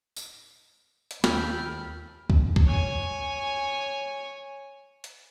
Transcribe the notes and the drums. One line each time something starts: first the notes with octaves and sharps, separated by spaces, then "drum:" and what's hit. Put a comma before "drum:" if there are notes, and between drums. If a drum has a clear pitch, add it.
drum: tambourine
drum: hi-hat
D#2 F4 A4 G5 B5 F6, drum: snare
drum: kick
drum: kick
C#5 G#5
drum: hi-hat